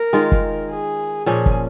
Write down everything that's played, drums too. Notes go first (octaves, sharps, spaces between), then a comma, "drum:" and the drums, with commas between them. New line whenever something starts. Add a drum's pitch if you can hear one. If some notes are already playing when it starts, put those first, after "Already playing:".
Already playing: A#4
D#3 G#3 F4
drum: kick
G#4
A#2 F3 C#4 G#4
drum: kick